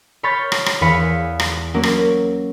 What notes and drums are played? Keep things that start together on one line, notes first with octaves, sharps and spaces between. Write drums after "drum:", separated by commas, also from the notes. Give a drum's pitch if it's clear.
C#5 B5 C#6 F6 G6 A6
drum: rim click
drum: rim click
E2 G#4 B4 F5 B5 C#7
drum: rim click
F#3 A#3 C#4
drum: rim click